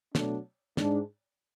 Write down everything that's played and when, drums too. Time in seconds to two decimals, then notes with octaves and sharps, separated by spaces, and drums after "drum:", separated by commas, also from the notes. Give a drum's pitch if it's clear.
0.15 B2 F#3 A3 D4, drum: snare
0.77 G#2 G#3 D4, drum: snare